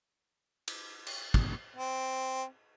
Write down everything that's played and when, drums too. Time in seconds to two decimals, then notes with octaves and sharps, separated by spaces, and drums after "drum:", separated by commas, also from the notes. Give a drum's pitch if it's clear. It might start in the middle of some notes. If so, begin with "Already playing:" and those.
0.68 drum: cymbal
1.07 drum: cymbal
1.34 drum: kick
1.76 C4